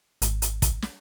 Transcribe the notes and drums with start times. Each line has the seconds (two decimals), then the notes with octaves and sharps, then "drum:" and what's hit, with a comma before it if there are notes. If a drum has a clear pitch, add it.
0.22 G#1, drum: hi-hat
0.42 drum: hi-hat
0.62 drum: kick, hi-hat
0.82 drum: snare